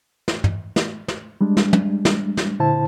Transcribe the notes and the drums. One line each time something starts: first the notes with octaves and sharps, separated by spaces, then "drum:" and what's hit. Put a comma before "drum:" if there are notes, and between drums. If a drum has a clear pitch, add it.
drum: snare
drum: tom
drum: snare
drum: snare
G3 G#3 D4
drum: snare
drum: tom
drum: snare
drum: snare
A#2 D3 E4 C5 A5